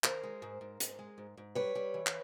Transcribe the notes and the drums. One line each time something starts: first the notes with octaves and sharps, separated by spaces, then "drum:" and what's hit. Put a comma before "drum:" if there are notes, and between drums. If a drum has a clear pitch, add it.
D#3 A#4 C5, drum: clap
G#3
G#2
G#2
G#2, drum: hi-hat
G#3
G#2
G#2
G3 B4 C#5
G3
E3
drum: clap